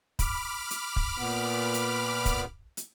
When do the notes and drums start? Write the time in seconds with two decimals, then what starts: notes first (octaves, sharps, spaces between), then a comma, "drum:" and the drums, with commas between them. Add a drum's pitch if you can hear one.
0.19 B5 D6 F6, drum: kick, hi-hat
0.71 drum: hi-hat
0.96 drum: kick
1.18 A#2 B3
1.74 drum: hi-hat
2.25 drum: kick, hi-hat
2.77 drum: hi-hat